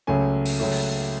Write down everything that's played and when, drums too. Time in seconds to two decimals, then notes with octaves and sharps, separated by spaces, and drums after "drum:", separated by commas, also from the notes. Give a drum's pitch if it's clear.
0.07 C#2 C#3 F#3 A3 G#5
0.45 drum: open hi-hat
0.60 C#2 C#3 F#3 A3
0.71 drum: open hi-hat